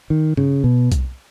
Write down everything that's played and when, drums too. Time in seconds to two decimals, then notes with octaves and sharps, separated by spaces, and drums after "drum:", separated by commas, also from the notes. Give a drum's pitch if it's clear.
0.10 D#3
0.37 C#3, drum: tom G2
0.64 B2
0.92 drum: kick B1, hi-hat